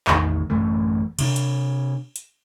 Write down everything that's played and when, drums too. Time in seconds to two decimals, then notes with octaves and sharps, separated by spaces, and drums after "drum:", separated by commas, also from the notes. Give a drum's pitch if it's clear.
0.07 A1 E2 D#3, drum: clap
0.50 A1 F#2 E3 A3
1.19 C3 D4, drum: cymbal
1.36 drum: hi-hat
2.16 drum: hi-hat